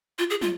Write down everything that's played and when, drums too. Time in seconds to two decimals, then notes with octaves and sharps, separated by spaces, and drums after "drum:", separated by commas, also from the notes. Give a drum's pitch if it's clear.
0.19 F4
0.30 G#4
0.41 F4, drum: tom